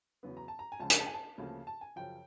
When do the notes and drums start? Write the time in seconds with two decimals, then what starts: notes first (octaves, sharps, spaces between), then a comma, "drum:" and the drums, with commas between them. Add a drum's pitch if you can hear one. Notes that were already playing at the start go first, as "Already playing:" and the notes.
0.23 E2 C#3 F#3 B3
0.37 A#5
0.48 A5
0.59 A#5
0.72 G#5
0.80 C#2 C#3 F3 A5
0.90 G#5, drum: hi-hat
0.99 A5
1.07 G#5
1.14 A5
1.38 D2 C#3 F3 A#3
1.67 A5
1.81 G#5
1.96 F#2 C#3 F3 G5